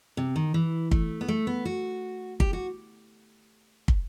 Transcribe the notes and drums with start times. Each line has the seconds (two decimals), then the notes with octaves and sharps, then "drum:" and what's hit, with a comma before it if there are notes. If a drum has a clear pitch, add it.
0.17 C3
0.36 D#3
0.54 E3
0.91 A3, drum: kick
1.21 B3
1.28 A3
1.47 B3
1.65 F#4
2.40 G4, drum: kick
2.53 F#4
3.88 drum: kick